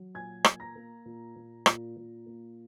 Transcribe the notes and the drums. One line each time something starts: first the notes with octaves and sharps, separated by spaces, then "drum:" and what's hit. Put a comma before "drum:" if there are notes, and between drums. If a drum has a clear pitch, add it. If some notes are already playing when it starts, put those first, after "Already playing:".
Already playing: F#3
A#2 G#5 G#6
A#3, drum: rim click
A#5 A#6
A#3
A#2
A#2
A#2, drum: rim click
A#2
A#3